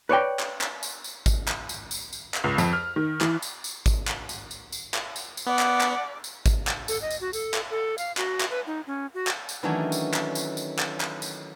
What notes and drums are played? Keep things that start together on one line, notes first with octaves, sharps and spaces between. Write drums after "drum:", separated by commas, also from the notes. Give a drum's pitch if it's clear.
B4 C#5 D5 G5
drum: clap
drum: clap
drum: tambourine
drum: tambourine
drum: kick G#1, tambourine
drum: clap
drum: tambourine
drum: tambourine
drum: tambourine
drum: clap
C#2
F2, drum: tambourine
F6
D#3
E3, drum: clap
drum: tambourine
drum: tambourine
drum: kick G#1, tambourine
drum: clap
drum: tambourine
drum: tambourine
drum: tambourine
drum: clap
drum: tambourine
drum: tambourine
B3 D5 F#5
drum: clap
drum: clap
drum: tambourine
drum: kick G#1, tambourine
drum: clap
A4, drum: tambourine
D#5
drum: tambourine
F#4
A4, drum: tambourine
drum: clap
A4
F5, drum: tambourine
F#4, drum: clap
drum: clap
B4
D#4
C#4
F#4
drum: clap
drum: tambourine
D#3 E3 F#3 A3 C#4 D4
drum: tambourine
drum: clap
drum: tambourine
drum: tambourine
drum: clap
drum: clap
drum: tambourine